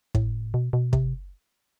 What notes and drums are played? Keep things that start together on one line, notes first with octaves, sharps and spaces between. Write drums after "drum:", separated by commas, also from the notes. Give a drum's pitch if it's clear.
A2, drum: kick
B2
B2
C3, drum: kick